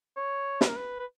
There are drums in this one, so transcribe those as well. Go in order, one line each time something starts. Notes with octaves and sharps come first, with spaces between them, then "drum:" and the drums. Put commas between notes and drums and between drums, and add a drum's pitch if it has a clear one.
C#5
B4, drum: snare
A#4
B4
B4